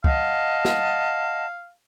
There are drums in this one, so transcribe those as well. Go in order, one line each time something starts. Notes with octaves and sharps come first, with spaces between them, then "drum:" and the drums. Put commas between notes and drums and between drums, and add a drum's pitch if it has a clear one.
D#5 F5 F#5 A5, drum: kick
drum: snare